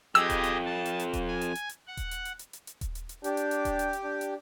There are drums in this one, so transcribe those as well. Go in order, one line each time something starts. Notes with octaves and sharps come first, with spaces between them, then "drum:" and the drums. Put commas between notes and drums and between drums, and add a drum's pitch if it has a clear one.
F2 G4 G#4 D#5 E6, drum: hi-hat
drum: kick D#1, hi-hat
drum: hi-hat
A5
drum: hi-hat
drum: hi-hat
drum: kick D#1, hi-hat
G#5
drum: hi-hat
drum: hi-hat
drum: hi-hat
F#5
drum: kick D#1, hi-hat
drum: hi-hat
drum: hi-hat
drum: hi-hat
drum: hi-hat
drum: hi-hat
drum: kick D#1, hi-hat
drum: hi-hat
drum: hi-hat
D4 G4, drum: hi-hat
drum: hi-hat
drum: hi-hat
drum: kick D#1, hi-hat
drum: hi-hat
drum: hi-hat
D4
drum: hi-hat